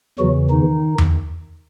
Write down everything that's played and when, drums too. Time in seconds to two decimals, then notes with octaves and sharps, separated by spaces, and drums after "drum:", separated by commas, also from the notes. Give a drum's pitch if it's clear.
0.19 E2 C#3 E3 F#3 F#4
0.50 D#3 D#4
0.98 drum: tom E2